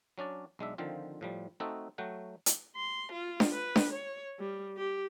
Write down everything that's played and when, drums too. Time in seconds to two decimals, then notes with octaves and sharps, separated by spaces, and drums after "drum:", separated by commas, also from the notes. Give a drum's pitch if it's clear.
0.18 F#3 C#4 D4 D5
0.59 B1 G#3 D4 E5
0.78 D3 D#3 F3 C4 F4
1.21 A2 F3 G3
1.60 A3 C4 D#4 F#4 A4
1.98 F#3 A3 F#5 G5
2.46 drum: hi-hat
2.76 C6
3.12 F4
3.40 drum: snare D4
3.53 B4
3.76 drum: snare D4
3.92 C#5
4.39 G3
4.77 G4